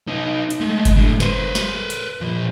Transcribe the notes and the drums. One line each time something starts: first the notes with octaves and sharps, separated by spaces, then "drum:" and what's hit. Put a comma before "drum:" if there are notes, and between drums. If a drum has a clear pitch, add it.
B3 D#4
drum: hi-hat
G#3 A3
drum: kick G1, hi-hat
A2 D3
B4 C5, drum: snare
drum: snare
drum: hi-hat
A#2 F3